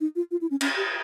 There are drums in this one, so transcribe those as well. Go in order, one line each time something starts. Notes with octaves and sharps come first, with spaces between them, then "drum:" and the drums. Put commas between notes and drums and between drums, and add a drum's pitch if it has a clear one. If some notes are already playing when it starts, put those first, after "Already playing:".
D#4
F4
F4
E4
C#4
C#4, drum: cymbal
G4